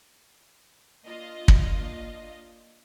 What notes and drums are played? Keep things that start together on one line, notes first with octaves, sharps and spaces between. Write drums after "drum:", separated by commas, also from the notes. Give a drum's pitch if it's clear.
A#3 D4 F4 D#5 F5
drum: kick